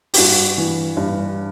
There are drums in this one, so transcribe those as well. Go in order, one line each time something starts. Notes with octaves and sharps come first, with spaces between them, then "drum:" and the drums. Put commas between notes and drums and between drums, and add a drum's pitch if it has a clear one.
G4, drum: open hi-hat
G2 F#4
E3
G2